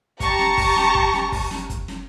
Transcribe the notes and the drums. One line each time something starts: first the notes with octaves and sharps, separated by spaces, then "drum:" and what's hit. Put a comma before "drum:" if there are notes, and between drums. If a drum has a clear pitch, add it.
G4 A5 A#5 C#6, drum: kick, hi-hat
drum: snare
drum: kick, open hi-hat
drum: snare
drum: kick
drum: snare
drum: kick, open hi-hat
drum: snare
drum: kick, hi-hat
drum: snare